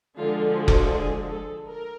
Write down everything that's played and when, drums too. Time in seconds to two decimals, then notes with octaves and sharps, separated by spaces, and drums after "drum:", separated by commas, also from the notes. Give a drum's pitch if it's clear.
0.18 D3 F3 G#3 F4
0.56 F#4
0.68 drum: kick F1
0.92 G#4
1.29 A4
1.67 A#4